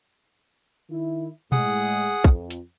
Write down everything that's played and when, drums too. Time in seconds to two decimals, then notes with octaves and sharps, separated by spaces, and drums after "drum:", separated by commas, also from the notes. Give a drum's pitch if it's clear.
0.90 D#3 E4
1.52 A2 G#3 G#4 F#5 D#6, drum: tom B2
2.24 F2, drum: kick
2.50 drum: hi-hat